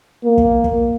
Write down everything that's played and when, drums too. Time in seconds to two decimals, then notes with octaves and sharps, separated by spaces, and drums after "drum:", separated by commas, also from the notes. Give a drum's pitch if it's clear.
0.24 A#3
0.38 drum: kick
0.64 drum: kick